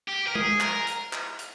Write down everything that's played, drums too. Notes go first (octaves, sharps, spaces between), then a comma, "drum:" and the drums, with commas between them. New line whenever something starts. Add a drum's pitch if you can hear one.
G4
A#4
G#4, drum: tom G#3
A#4, drum: clap
drum: hi-hat
drum: clap
drum: hi-hat